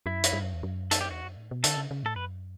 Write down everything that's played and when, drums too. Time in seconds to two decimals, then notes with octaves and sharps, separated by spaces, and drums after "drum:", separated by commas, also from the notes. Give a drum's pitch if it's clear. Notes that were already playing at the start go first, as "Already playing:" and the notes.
0.06 F#2 E4
0.24 drum: hi-hat
0.33 G2
0.43 F#2
0.54 E2
0.63 F#2
0.91 A4, drum: hi-hat
1.01 G4
1.11 E2 F#4
1.24 F#2
1.37 A2
1.51 B2
1.64 D3 A4, drum: hi-hat
1.77 C#3
1.91 C#3
2.03 A2 A4
2.16 F#2 B4